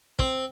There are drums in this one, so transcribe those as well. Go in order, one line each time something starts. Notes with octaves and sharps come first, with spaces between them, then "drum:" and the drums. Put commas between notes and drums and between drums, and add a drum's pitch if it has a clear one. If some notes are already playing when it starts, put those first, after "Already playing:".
C4, drum: kick